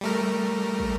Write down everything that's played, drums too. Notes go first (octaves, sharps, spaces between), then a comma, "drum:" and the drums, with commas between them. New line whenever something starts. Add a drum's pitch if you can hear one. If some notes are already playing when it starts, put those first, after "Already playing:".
G3 A3 A#4
drum: kick